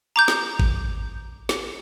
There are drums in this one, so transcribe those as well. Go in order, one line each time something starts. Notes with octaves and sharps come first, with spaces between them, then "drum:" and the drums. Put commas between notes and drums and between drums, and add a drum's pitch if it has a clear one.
A#5 D6 G6
drum: snare
drum: kick G#1
drum: snare